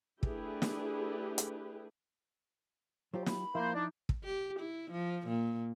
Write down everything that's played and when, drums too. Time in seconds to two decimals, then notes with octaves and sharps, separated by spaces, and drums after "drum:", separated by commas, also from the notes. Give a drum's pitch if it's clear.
0.23 A3 D4 E4 G4 G#4 B4, drum: kick
0.62 drum: snare
1.38 drum: hi-hat
3.14 F#3 F4 G4 C5
3.26 B5, drum: snare
3.55 F3 A#3 E4 C5 E5
3.74 D4 D#4
4.09 drum: kick
4.24 G4
4.60 E4
4.91 F3
5.28 A#2